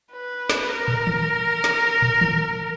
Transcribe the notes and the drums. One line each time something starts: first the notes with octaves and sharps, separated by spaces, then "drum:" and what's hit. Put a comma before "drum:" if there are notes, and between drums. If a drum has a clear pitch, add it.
B4
drum: snare
A#4
drum: tom
drum: tom D#3
drum: snare
drum: tom
drum: tom D#3